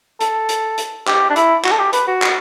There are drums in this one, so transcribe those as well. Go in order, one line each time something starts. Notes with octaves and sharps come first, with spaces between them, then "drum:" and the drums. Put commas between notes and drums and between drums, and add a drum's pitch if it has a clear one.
A4, drum: hi-hat
drum: hi-hat
drum: hi-hat
G4, drum: clap
D4
E4, drum: hi-hat
F#4, drum: clap
A4
G4
B4, drum: hi-hat
F#4
drum: clap